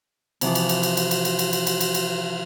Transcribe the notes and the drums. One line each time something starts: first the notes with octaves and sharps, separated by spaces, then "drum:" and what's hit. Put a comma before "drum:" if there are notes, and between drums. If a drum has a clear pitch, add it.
C3 E3 F3, drum: cymbal
drum: cymbal
drum: cymbal
drum: cymbal
drum: cymbal
drum: cymbal
drum: cymbal
drum: cymbal
drum: cymbal
drum: cymbal
drum: cymbal
drum: cymbal